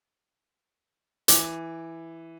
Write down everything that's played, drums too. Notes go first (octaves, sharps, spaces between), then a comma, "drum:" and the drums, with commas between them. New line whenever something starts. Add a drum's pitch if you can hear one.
E3 D6, drum: hi-hat